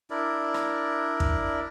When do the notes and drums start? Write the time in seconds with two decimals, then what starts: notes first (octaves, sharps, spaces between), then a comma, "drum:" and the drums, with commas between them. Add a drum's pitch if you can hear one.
0.10 D4 E4 A#4 D5
0.54 drum: rim click
1.20 drum: kick